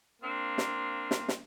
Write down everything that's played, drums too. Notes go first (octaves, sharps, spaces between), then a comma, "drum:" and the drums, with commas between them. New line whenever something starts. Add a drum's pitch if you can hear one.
A#3 C4 D4 F4
drum: snare
drum: snare
drum: snare